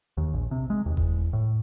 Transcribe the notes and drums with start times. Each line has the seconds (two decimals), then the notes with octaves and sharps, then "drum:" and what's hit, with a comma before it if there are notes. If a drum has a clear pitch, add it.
0.17 D#2
0.34 A#1
0.51 C3
0.70 G#3
0.86 D#2
0.97 E2, drum: kick F1
1.33 A2